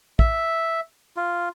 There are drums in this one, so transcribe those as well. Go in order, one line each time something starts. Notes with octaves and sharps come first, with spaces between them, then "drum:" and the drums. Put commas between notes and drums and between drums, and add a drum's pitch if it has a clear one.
E5, drum: kick
F4